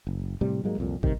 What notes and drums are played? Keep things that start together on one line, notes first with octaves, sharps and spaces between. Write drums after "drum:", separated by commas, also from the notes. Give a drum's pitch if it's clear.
F#1
A2 C3 G3
G#2 F#3 G#3 A#3
C2 F2 A#2
C2 C3 D#3, drum: kick